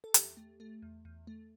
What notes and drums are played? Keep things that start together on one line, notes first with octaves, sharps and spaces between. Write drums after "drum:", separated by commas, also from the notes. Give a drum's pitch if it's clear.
A4
E2 G4, drum: hi-hat
A3
A3
E2
E2
A3